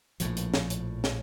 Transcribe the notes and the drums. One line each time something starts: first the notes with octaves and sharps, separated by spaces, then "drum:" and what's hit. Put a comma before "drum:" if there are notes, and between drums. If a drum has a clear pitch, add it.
A#1 A2 F3, drum: hi-hat
drum: hi-hat
drum: snare
drum: hi-hat
drum: snare